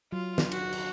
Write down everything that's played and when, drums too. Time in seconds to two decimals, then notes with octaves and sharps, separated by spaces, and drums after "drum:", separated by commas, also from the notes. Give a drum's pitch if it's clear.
0.13 F#3 F4
0.38 drum: snare
0.51 F#4, drum: cymbal
0.72 drum: cymbal